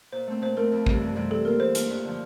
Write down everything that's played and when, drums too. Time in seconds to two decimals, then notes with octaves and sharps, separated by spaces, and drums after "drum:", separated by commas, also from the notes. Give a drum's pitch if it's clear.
0.12 A#2 C5
0.27 A3 C4
0.42 A#2 C5
0.57 A3 C4 A#4
0.72 F2
0.86 C3 E3 G3 C4, drum: kick
1.01 F2
1.16 C3 E3 G3 C4
1.31 E3 A4
1.45 A#3 F4 A#4
1.60 E3 C5
1.75 A#3 F4, drum: hi-hat
1.90 G2
2.05 D3 F3